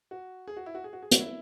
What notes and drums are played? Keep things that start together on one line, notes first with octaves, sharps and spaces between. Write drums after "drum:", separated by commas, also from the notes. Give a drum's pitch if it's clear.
F#4
G#4
F#4
E4
F#4
G#4
F#4
G#4
F#4, drum: hi-hat
E4